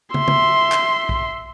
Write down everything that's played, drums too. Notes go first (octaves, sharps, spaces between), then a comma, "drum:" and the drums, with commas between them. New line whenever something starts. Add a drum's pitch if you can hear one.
E5 C6, drum: tom
drum: tom
drum: clap
drum: kick